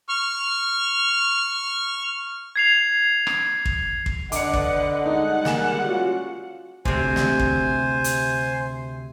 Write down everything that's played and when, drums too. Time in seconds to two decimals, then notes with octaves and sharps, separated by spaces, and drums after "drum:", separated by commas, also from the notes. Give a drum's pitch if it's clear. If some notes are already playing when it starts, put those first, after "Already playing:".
0.09 C#6 F6
2.56 G#6 C7 F7
3.27 drum: rim click
3.65 drum: kick
4.06 drum: kick
4.32 D3 B4 D#5 F#5 D6 C#7, drum: hi-hat
4.53 drum: kick
5.06 G3 G#3 D#4 F#5
5.45 A#3 G#5 E7, drum: snare
5.85 C#4 F4 F#4
6.85 D2 C3 C5 G#5, drum: kick
7.16 drum: snare
7.39 drum: kick
8.04 drum: hi-hat